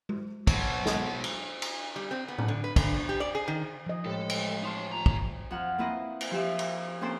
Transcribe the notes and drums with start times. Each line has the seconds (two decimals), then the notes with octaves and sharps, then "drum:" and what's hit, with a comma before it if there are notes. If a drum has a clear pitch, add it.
0.09 drum: tom G#3
0.47 B2 F#3, drum: kick, cymbal
0.86 drum: snare
1.24 drum: cymbal
1.62 drum: cymbal
1.96 G3
2.11 C4
2.28 B3
2.38 drum: tom A2
2.48 D3
2.64 B4
2.76 D3, drum: kick, cymbal
2.94 B2
3.09 G4
3.20 D5
3.35 G#4
3.48 D#3
3.86 F3 D#5
4.05 A1 G#3 G4 A4
4.30 drum: cymbal
4.63 D#4 C#5 A5 C6 F6
4.92 D#2 F4 A#5
5.06 drum: kick
5.51 F2 F#5 F6
5.78 A#3 C4 E4 B4 C5 D#5
6.21 drum: cymbal
6.31 F3 G4 E5
6.59 drum: cymbal
7.01 A#3 C4 C#4 A4 C5 G5